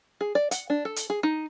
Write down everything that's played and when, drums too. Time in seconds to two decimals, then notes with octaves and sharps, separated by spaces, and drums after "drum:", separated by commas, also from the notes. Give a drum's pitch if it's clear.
0.21 G#4
0.35 D5
0.51 F#5, drum: hi-hat
0.70 D4
0.85 A4
0.96 drum: hi-hat
1.10 G#4
1.23 D#4